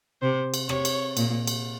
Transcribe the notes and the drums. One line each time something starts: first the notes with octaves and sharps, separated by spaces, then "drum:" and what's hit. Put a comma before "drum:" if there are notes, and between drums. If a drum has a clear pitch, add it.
C3 C5
drum: cymbal
C3 C#5, drum: rim click
drum: cymbal
A#2, drum: cymbal
drum: cymbal